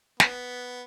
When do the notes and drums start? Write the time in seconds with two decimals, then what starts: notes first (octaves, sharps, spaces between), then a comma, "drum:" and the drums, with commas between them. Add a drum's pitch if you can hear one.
0.20 B3, drum: snare